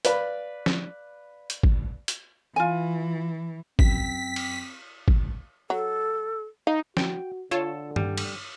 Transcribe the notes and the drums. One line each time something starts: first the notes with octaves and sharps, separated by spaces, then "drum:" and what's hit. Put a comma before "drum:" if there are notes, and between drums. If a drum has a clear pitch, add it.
B4 D5 F5 B5, drum: hi-hat
drum: snare
drum: hi-hat
drum: kick
drum: hi-hat
E3 F4 G#5
F#2 C4 B6, drum: kick
drum: cymbal
drum: kick
F#3 A4
D#4 F5
F#4 G5, drum: snare
D3 F4 A4 C#5 A5
G3, drum: tom G2
drum: cymbal